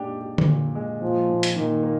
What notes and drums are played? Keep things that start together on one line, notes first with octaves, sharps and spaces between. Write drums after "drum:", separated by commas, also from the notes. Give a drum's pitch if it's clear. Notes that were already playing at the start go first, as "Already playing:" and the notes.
Already playing: A#2 G#3 D4 G4
G4
drum: tom D3
A#2
G#3
A#2 F3
A#2
drum: hi-hat
A#2 D#3
A#3